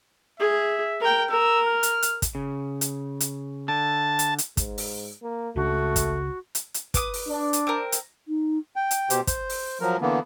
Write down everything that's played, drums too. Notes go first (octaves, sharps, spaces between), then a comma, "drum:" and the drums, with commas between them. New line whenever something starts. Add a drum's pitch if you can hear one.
G#4 E5
A#4 G5
A#4 E6
F6
drum: hi-hat
drum: hi-hat
drum: kick, hi-hat
C#3
drum: hi-hat
drum: hi-hat
D3 A5
drum: hi-hat
drum: hi-hat
G#2, drum: kick, hi-hat
drum: open hi-hat
A#3
C#2 C#3 A3 D4 F#4
drum: kick, hi-hat
drum: hi-hat
drum: hi-hat
B4 D6 D#6, drum: kick, hi-hat
drum: open hi-hat
D4
drum: hi-hat
C4 A#4
drum: hi-hat
D#4
G5
drum: hi-hat
B2 G4 C5, drum: hi-hat
C5, drum: kick, hi-hat
drum: open hi-hat
F3 F#3 A#4
D3 E3 A#3 B3